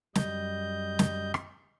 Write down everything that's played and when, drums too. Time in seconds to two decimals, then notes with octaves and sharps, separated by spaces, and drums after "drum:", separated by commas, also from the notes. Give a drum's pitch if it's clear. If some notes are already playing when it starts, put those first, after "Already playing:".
0.15 F#2 G3 D#5 G6, drum: snare
0.99 drum: snare
1.34 drum: rim click